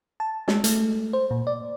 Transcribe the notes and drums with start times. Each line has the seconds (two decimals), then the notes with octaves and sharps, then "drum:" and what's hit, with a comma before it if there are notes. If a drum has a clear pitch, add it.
0.20 A5
0.48 G#3, drum: snare
0.64 A3, drum: hi-hat
1.13 C5
1.31 A#2
1.47 D5